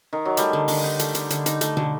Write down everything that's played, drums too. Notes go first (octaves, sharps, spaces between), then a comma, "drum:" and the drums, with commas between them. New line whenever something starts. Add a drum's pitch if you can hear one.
D#3
F#3
G3 A3, drum: hi-hat
D3
D3, drum: open hi-hat
D#4
A3, drum: hi-hat
D3, drum: hi-hat
D3, drum: hi-hat
D#4, drum: hi-hat
A3, drum: hi-hat
D3, drum: tom B2